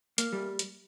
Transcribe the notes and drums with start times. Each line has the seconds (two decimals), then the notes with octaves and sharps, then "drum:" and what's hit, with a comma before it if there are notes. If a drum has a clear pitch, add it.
0.18 A#3, drum: hi-hat
0.33 G3
0.59 drum: hi-hat